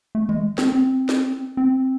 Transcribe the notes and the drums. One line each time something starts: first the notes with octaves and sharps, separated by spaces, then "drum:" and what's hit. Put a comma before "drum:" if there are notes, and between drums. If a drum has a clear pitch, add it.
A3
G#3, drum: tom D#3
C4, drum: snare
C4
drum: snare
C4